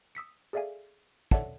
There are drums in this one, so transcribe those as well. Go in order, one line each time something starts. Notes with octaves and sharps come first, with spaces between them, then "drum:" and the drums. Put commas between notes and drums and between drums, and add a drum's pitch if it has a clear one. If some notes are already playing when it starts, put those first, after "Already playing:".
D#6 E6 B6 C#7
G#4 A4 D5 E5 F5 G#5
A4 C#5 D5 E5 F#5 A5, drum: kick